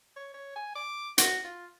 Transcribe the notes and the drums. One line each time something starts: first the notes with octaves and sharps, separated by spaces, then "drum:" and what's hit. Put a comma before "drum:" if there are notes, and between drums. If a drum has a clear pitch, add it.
C#5
C#5
G#5
D6
F#4, drum: hi-hat
F4